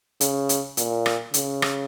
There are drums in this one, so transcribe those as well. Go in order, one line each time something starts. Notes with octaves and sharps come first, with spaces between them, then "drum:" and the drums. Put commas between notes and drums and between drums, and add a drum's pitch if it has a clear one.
C#3, drum: hi-hat
drum: hi-hat
A#2, drum: hi-hat
drum: rim click
C#3, drum: hi-hat
drum: rim click